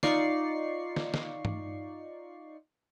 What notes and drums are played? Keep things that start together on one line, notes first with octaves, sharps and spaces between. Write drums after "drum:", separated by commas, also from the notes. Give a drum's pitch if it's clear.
D#4 F4 D5 C#6 C7, drum: snare
drum: snare
drum: snare
drum: tom G2